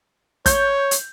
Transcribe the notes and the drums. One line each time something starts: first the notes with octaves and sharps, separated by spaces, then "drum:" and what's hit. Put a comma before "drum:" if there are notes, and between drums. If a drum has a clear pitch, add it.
C#5 G6, drum: kick, hi-hat
drum: hi-hat